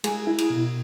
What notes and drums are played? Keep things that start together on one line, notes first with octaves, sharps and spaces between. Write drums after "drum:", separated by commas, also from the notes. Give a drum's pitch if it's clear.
G#3 G#4, drum: cymbal
E4
drum: cymbal
B2